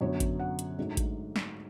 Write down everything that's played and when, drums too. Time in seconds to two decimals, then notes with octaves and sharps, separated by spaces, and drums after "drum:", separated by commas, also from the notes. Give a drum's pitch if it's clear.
0.01 F#2 D3 F#3 B3 C#5
0.20 drum: kick G#1, hi-hat
0.39 F#5
0.59 drum: hi-hat
0.79 G#2 F#3 A3 D4
0.97 drum: kick G#1, hi-hat
1.36 drum: snare